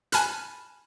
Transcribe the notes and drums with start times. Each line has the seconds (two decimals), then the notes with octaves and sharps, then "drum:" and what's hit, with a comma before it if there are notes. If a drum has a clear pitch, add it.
0.12 G#5 A5 B5 F6 F#6, drum: hi-hat